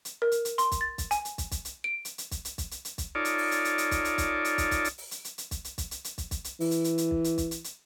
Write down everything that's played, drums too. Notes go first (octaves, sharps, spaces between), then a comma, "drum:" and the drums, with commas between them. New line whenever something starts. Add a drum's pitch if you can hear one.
drum: hi-hat
A#4
drum: hi-hat
drum: hi-hat
C6, drum: hi-hat
drum: kick, hi-hat
A6
drum: kick, hi-hat
G#5, drum: hi-hat
drum: hi-hat
drum: kick, hi-hat
drum: kick, hi-hat
drum: hi-hat
D7
drum: hi-hat
drum: hi-hat
drum: kick, hi-hat
drum: hi-hat
drum: kick, hi-hat
drum: hi-hat
drum: hi-hat
drum: kick, hi-hat
D#4 F4 A4 C#5 D5
drum: hi-hat
drum: open hi-hat
drum: hi-hat
drum: hi-hat
drum: hi-hat
drum: kick, hi-hat
drum: hi-hat
drum: kick, hi-hat
drum: hi-hat
drum: kick, hi-hat
drum: kick, hi-hat
drum: hi-hat
drum: open hi-hat
drum: hi-hat
drum: hi-hat
drum: hi-hat
drum: kick, hi-hat
drum: hi-hat
drum: kick, hi-hat
drum: hi-hat
drum: hi-hat
drum: kick, hi-hat
drum: kick, hi-hat
drum: hi-hat
E3, drum: open hi-hat
drum: hi-hat
drum: hi-hat
drum: hi-hat
drum: kick
drum: hi-hat
drum: kick, hi-hat
drum: hi-hat
drum: hi-hat